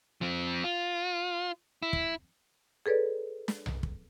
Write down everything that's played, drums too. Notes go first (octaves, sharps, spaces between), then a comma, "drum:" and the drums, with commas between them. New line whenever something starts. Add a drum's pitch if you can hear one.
F3 C4
F4
E4
drum: kick
G#4 A4 B4 C#5 D5
drum: snare
drum: tom B1
drum: kick